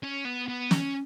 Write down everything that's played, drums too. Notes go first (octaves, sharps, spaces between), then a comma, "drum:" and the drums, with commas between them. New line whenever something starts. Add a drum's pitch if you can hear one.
C#4
B3
B3
C#4, drum: snare